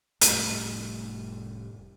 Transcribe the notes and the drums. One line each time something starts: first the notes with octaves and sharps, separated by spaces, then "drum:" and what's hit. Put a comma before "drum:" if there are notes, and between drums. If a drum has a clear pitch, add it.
F1 A2 G3 A3, drum: hi-hat